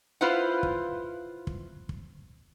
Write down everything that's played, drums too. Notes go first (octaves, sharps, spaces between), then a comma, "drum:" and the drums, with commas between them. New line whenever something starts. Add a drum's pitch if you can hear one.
E4 F4 B4 C5 F5 F#5
drum: kick
drum: kick
drum: kick